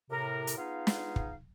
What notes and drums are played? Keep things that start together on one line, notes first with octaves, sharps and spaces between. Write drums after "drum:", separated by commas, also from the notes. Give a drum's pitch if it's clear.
A2 C3 A#4
drum: hi-hat
B3 D#4 F4 G#4 F5
drum: snare
drum: kick